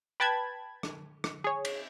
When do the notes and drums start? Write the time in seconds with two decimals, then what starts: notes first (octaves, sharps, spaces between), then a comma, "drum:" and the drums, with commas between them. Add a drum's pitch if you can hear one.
0.20 B4 G5 A5 B5 G#6
0.83 drum: rim click
1.24 drum: rim click
1.44 G#4 C#5
1.65 drum: cymbal